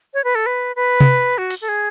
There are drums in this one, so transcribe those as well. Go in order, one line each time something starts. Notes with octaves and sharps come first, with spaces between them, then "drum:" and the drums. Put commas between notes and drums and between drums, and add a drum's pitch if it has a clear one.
C#5
B4
A4
B4
B4
drum: tom C3
F#4
drum: open hi-hat
A4
G#4